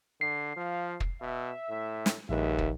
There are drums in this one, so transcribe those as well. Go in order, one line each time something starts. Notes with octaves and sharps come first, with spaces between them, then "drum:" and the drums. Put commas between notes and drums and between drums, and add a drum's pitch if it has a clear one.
D3 C7
F3 F5
drum: kick
B2 E5
A2
drum: snare
A#1 D#2 G#3 F#4 B4 E5
drum: kick